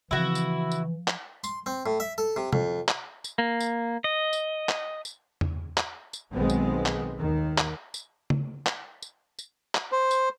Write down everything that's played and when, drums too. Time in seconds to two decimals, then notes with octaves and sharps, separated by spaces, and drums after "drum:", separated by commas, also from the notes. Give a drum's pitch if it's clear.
0.11 C#3 E3 F3 C4 E4 F#4 A#6
0.35 drum: tambourine
0.71 drum: tambourine
1.08 drum: clap
1.44 C6, drum: tambourine
1.66 C4
1.86 A2
2.00 E5
2.18 A4
2.36 C3
2.53 F2, drum: tom
2.88 drum: clap
3.24 drum: tambourine
3.38 A#3
3.61 drum: tambourine
4.04 D#5
4.33 drum: tambourine
4.69 drum: clap
5.05 drum: tambourine
5.41 drum: tom E2
5.77 drum: clap
6.13 drum: tambourine
6.31 B1 B2 D#3 G#3 B3 C4
6.50 drum: tambourine
6.86 drum: clap
7.16 D#2 D#3
7.58 drum: clap
7.94 drum: tambourine
8.30 drum: tom
8.66 drum: clap
9.02 drum: tambourine
9.39 drum: tambourine
9.75 drum: clap
9.92 C5
10.11 drum: tambourine